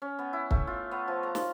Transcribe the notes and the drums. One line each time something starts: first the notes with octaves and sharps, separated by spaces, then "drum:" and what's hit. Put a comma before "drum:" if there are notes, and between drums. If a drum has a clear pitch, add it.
C#4
B3
E4
A3, drum: kick
F4
B3
F3
A#5
F3, drum: snare